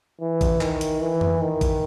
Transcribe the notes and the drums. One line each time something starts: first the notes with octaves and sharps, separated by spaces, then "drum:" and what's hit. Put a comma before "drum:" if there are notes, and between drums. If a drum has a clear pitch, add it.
E3
drum: kick A1, hi-hat
D#3, drum: clap
drum: hi-hat
E3
drum: tom F2
D#3
drum: kick A1, hi-hat